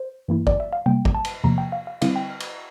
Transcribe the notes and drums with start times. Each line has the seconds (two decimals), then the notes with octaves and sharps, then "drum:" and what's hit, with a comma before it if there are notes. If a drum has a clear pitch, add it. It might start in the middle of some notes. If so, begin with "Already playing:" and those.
Already playing: C5
0.28 G2 E3 A#3 E4
0.47 D5, drum: kick
0.60 E5
0.73 F5
0.86 C3 G3 A#3 G5
1.05 drum: kick
1.15 A5
1.25 drum: cymbal
1.44 E2 C3 F3 A#3 A#5
1.58 G5
1.72 F5
1.87 F5
2.02 D3 G3 C4 E4 F5, drum: cymbal
2.16 G5
2.30 F6
2.40 drum: cymbal